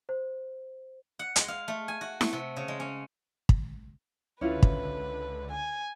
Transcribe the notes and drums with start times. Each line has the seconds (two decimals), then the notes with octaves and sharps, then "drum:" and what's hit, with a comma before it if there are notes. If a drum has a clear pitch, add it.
0.09 C5
1.19 F#5
1.36 G#3, drum: hi-hat
1.48 F5
1.68 A3
1.88 G#5
2.01 F#4
2.21 A3, drum: snare E4
2.33 C3
2.57 C#3
2.68 G#3
2.80 C#4
3.49 drum: kick
4.41 C#2 D3 C#4 E4 F4 B4
4.63 drum: kick
5.51 G#5